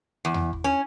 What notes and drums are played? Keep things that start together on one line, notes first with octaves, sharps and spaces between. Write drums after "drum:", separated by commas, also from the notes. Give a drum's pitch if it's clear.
E2
drum: tom E2
drum: kick
C#4